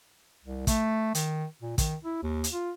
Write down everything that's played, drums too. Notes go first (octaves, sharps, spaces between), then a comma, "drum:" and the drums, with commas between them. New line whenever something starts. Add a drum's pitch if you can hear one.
C2
A3, drum: kick, hi-hat
D#3, drum: hi-hat
A#2
D#3, drum: kick, hi-hat
E4
D#2
drum: hi-hat
F4